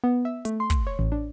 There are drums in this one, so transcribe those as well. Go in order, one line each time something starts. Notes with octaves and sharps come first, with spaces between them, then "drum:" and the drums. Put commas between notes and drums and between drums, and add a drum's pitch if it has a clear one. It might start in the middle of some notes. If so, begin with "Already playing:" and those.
B3
E5
A3, drum: hi-hat
C6
drum: kick, hi-hat
C#5
A1
D4